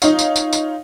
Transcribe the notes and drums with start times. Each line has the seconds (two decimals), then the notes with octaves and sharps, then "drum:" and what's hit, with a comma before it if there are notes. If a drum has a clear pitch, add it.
0.02 D#4 F4 C#5 F5, drum: tambourine
0.19 drum: tambourine
0.36 drum: tambourine
0.53 drum: tambourine